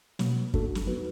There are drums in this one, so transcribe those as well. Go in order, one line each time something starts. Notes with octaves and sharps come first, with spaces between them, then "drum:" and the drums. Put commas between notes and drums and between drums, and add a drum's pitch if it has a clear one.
B2 F#3 A#3, drum: snare
A3 D4 F#4 A4, drum: kick
drum: snare
F#3 B3 D#4 F#4 B4